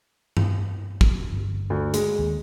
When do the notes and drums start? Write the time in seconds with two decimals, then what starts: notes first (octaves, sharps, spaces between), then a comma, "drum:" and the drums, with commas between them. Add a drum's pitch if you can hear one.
0.37 drum: tom G2
1.01 drum: kick
1.32 G1
1.70 D2
1.94 G#3, drum: hi-hat
2.19 D#2